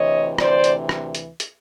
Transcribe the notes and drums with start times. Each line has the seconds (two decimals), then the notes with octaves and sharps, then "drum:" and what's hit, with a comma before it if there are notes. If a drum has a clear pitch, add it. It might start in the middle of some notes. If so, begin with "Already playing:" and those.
Already playing: D2 C3 E3 C#5 D#5
0.38 C5 D5, drum: rim click
0.64 drum: hi-hat
0.89 drum: rim click
1.15 drum: hi-hat
1.40 drum: hi-hat